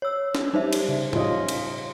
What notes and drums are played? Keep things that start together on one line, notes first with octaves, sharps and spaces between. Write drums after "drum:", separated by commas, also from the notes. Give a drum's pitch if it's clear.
C#5 E6
drum: snare
G3 D#4 C5 E5
drum: cymbal
C#3
C#4 F4 D#5, drum: tom
drum: cymbal